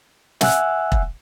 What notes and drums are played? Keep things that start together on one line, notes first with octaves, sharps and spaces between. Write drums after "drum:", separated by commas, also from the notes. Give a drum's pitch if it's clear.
E5 F#5 G#5 E6 F#6, drum: snare
drum: kick E1